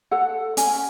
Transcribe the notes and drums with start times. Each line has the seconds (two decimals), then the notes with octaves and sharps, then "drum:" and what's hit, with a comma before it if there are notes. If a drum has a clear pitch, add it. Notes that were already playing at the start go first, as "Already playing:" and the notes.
0.11 A4 F#5
0.57 C#4 G#5, drum: hi-hat